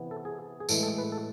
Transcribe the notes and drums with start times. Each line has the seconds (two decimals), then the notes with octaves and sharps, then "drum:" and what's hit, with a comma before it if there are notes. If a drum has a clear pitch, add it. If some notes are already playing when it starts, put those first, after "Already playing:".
Already playing: C3 E3 B3
0.11 A4
0.25 G#4
0.60 G#4
0.69 A2 E3 G#3 A4, drum: tambourine
0.83 A4
0.98 B4
1.12 A4